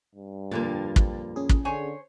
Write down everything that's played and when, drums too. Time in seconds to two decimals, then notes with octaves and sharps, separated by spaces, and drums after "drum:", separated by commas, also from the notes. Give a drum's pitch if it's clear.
0.15 G2
0.51 F2 A#2 D3 A#3 A#4 A6
0.96 drum: kick
1.36 C#4 G#4
1.49 drum: kick
1.65 D3 C5 C#5 G#5